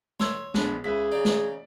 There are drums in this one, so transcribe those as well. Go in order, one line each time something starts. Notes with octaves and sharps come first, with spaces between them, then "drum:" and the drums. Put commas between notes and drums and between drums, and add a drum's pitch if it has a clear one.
C#5 C6 E6 G#6, drum: snare
A#1 G#3 B3 D4, drum: snare
C#2 G#4 B4 E5 B6
C#3 D#4 D5
drum: snare